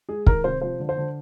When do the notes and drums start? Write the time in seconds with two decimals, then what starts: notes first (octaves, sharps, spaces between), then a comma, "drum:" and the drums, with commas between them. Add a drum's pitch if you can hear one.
0.09 G#3 G#4
0.26 D#3 A#4, drum: kick
0.44 C3 C5
0.62 F3 C5
0.80 D3
0.89 C5
0.97 D3